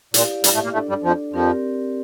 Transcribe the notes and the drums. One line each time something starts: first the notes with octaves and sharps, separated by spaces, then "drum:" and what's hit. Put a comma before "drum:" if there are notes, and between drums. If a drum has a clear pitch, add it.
A#2 E4 G4 D5 F5, drum: hi-hat
G2 G3, drum: hi-hat
A2 A3
A#2 A#3
A2 A3 D4 A4 D5
G2 G3
F2 F3
F2 F3 C4 G4 A#4 D5